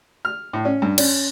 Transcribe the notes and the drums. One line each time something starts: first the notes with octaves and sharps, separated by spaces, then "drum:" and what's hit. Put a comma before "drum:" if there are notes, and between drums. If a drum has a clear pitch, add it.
F6
A2
C#4
G2
C#4, drum: cymbal